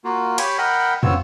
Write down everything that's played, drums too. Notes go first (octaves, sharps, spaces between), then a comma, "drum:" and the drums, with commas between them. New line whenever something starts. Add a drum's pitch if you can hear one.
A#3 F4 F#4
G4 C#5 G#5 B5 D6, drum: cymbal
A#4 D#5 F#5 G5 B5
B3 C4 F4 C#5 E6, drum: tom